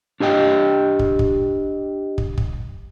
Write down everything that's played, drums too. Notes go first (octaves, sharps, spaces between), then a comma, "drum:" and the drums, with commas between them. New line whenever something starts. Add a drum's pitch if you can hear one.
D4 G4 D#5 G5
drum: kick
drum: kick
drum: kick
drum: kick